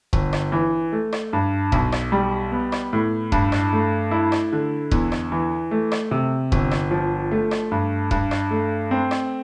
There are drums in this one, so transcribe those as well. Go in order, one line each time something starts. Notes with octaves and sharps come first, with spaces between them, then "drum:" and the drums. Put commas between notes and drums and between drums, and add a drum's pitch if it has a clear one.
G1, drum: kick D#1
drum: rim click
E3
A3
drum: rim click
G2
B1, drum: kick D#1
drum: rim click
G3
B3
drum: rim click
A2
G2, drum: kick D#1
drum: rim click
A3
E4
drum: rim click
D3
E2, drum: kick D#1
drum: rim click
E3
A3
drum: rim click
C3
G1, drum: kick D#1
drum: rim click
F3
A3
drum: rim click
G2
G2, drum: kick D#1
drum: rim click
A3
C4
drum: rim click